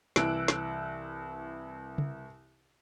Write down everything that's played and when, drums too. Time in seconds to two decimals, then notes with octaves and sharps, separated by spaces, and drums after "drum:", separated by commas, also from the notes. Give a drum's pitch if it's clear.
0.16 C2 E3 E6 F#6 D7, drum: snare
0.48 drum: snare
1.98 drum: tom C#3